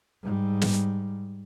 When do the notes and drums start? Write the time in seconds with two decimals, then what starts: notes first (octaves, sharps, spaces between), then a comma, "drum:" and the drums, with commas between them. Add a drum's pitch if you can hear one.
0.23 G#2 G3
0.62 drum: snare